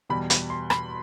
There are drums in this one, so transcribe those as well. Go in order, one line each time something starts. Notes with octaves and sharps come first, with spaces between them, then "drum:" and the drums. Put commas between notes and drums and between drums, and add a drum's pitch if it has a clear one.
E2 B2 G3 B5
B5, drum: hi-hat
C6
B5, drum: rim click